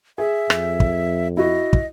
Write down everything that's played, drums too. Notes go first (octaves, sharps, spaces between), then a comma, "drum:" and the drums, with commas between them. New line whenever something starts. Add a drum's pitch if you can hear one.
G#4 E5
F2, drum: rim click
drum: kick
E4 F#4 D#5
drum: kick